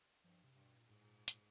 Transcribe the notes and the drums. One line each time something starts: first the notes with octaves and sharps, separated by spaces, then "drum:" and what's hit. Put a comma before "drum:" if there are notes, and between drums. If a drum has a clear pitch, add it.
G2 F3
C3
G2
B2
A#2
G#2
A2
A#2
drum: hi-hat